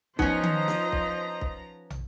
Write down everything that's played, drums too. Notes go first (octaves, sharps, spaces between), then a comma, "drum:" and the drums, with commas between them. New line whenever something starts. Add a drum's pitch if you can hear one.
F3 B3 C#4 D#4 C5 D#5 A#5, drum: kick B1
drum: tom D#3
drum: snare
drum: kick B1
drum: kick B1
drum: tom